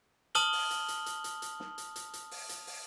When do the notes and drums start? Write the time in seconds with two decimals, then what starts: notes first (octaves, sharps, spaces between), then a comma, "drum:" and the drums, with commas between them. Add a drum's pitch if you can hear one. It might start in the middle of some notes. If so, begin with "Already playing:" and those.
0.35 A5 D#6 F6 F#7 G7, drum: hi-hat
0.53 drum: open hi-hat
0.71 drum: hi-hat
0.88 drum: hi-hat
1.06 drum: hi-hat
1.24 drum: hi-hat
1.42 drum: hi-hat
1.60 drum: snare
1.78 drum: hi-hat
1.96 drum: hi-hat
2.13 drum: hi-hat
2.31 drum: open hi-hat
2.49 drum: hi-hat
2.67 drum: open hi-hat